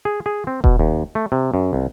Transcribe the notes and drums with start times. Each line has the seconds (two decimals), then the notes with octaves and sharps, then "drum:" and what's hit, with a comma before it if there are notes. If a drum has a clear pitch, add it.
0.05 G#4
0.26 G#4
0.47 C4
0.64 B2, drum: kick E1
0.79 D#2
1.15 A3
1.32 C3
1.54 F#2
1.73 C2